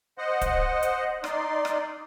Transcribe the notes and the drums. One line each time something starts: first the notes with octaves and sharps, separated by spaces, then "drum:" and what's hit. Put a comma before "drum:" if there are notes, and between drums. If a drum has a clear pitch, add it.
C5 D#5 F#5
drum: kick, hi-hat
drum: hi-hat
D#4 D5 C6, drum: rim click
drum: rim click